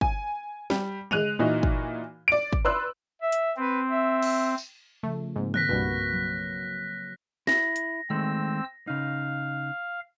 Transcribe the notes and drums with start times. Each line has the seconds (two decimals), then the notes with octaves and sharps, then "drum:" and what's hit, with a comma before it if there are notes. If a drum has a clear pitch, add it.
0.01 G#5, drum: kick
0.70 G3, drum: snare
1.11 G#3 F#6 D#7 F7, drum: tom
1.39 A#2 E3 D#4 F#4
1.63 drum: kick
2.28 D5 D7
2.53 drum: kick
2.65 B4 D5 C6 E6 F#6
3.22 E5
3.32 drum: hi-hat
3.57 C4 B4
3.90 E5
4.23 drum: cymbal
4.58 drum: tambourine
5.03 C#3 F3 A3
5.36 G#2 C#3 A#3 C4
5.54 F#6 A#6 B6, drum: tom
5.69 C2 G2 B2 A#3 F#4 B4
6.13 F#3
7.47 E4 A#6, drum: snare
7.76 drum: hi-hat
8.10 D#3 G#3 A3 C4 E6
8.87 C#3 D#4 F5